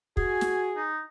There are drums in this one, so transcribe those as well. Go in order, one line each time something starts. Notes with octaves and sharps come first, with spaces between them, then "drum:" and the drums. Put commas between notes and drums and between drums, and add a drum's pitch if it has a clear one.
F#4 G#4 G#5, drum: kick
drum: snare
D#4